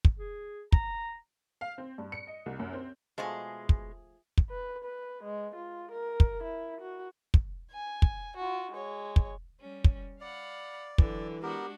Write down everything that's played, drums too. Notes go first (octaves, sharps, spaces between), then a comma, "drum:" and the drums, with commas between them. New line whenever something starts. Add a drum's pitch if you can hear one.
drum: kick
G#4
A#5, drum: kick
F5
C4
G2
C#7
D#5
C2
F#2
C4
B2 F3 G#3 A3 G#4
drum: kick
drum: kick
B4
B4
G#3
F4
A#4
drum: kick
E4
F#4
drum: kick
G#5
drum: kick
F4 F#4
G#3 C#5
drum: kick
G3 C#4
drum: kick
D5 F5 F#5 B5
D3 E3 F#3, drum: kick
G#3 B3 D4 F#4 G4 A#4